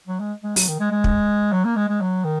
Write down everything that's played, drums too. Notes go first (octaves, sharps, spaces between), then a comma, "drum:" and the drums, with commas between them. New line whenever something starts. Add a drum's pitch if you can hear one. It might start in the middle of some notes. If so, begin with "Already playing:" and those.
F#3
G#3
G#3
F#3, drum: open hi-hat
D#3
G#3
G#3
drum: kick
F#3
A#3
G#3
G#3
F#3
D#3